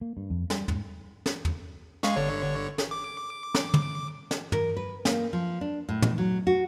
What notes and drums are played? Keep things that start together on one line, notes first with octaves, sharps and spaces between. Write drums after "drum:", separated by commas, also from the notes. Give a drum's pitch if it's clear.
A#3
G2
F2
G3, drum: snare
G#2, drum: tom
drum: snare
drum: tom
G#3 F5 C#6, drum: snare
G1 D3 C#5
drum: snare
D6
drum: snare
drum: tom
drum: snare
A#4, drum: tom
B4
A#3, drum: snare
F3
D4
A2
drum: tom
F#3
F#4